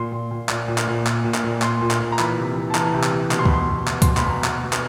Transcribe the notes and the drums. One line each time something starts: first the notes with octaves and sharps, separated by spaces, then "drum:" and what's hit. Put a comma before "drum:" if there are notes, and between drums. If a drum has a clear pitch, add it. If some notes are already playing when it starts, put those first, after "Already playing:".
Already playing: A#2 C6
A#2
A#2
A#2, drum: clap
A#2
drum: clap
A#2
A#2, drum: clap
A#2
drum: clap
A#2
A#2 C6, drum: clap
A#2
drum: clap
A#2
A#5
E3 B5, drum: clap
C3
E3
A5
E3 A#5, drum: clap
C3
drum: clap
C3
B2, drum: clap
C6
B5, drum: kick C#2
B2 C6
B2
B2, drum: clap
C6, drum: kick C#2, hi-hat
B2
B5, drum: clap
B2 A#5
B2, drum: clap
B2
drum: clap